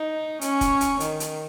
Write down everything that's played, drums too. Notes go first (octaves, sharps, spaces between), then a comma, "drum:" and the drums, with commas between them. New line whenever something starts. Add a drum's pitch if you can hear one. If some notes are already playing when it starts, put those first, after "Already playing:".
Already playing: D#4
C#4, drum: hi-hat
drum: kick, hi-hat
drum: hi-hat
D#3, drum: hi-hat
drum: hi-hat